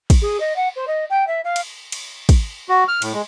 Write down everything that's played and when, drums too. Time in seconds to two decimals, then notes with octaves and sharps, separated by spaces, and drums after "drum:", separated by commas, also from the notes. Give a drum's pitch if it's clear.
0.10 drum: kick, cymbal
0.22 G#4
0.40 D#5
0.56 F#5
0.76 C5
0.87 D#5
1.10 G5
1.27 E5
1.44 F5
1.56 drum: cymbal
1.92 drum: cymbal
2.29 drum: kick, cymbal
2.69 F#4
2.88 F6
3.02 A2, drum: cymbal
3.13 G#3